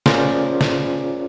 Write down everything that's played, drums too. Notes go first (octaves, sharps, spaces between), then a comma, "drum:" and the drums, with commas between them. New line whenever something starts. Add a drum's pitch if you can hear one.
C#4 F4 G#4 A#4 C5 D5, drum: snare
drum: snare